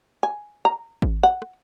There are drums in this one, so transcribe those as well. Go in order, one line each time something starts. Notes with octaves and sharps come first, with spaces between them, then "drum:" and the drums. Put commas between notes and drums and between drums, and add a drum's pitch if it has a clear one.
G#5
A#5
drum: kick G#1
F#5
drum: rim click